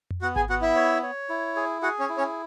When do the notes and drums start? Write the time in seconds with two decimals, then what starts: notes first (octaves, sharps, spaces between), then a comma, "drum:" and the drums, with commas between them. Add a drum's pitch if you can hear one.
0.11 drum: tom F2
0.22 B3 F#4 F#5
0.36 G#4 G#5, drum: kick G#1
0.49 B3 F#4 F#5
0.62 E4 E5
0.76 C#5
1.03 C#5
1.29 E4
1.56 G#4
1.82 F#4 G#4 F#5
2.00 C#4 C#5
2.09 E4
2.17 C#4 C#5